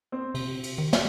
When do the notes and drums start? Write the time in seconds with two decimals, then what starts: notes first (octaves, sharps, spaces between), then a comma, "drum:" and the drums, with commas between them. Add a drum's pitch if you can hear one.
0.12 C4
0.34 C3, drum: cymbal
0.63 drum: cymbal
0.78 D#3
0.93 drum: snare